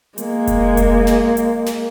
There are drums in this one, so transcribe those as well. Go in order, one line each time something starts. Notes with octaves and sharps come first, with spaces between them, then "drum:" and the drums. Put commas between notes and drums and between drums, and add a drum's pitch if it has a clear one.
G#3 A#3, drum: hi-hat
drum: kick F1, hi-hat
drum: kick F1, hi-hat
drum: snare
drum: hi-hat
drum: snare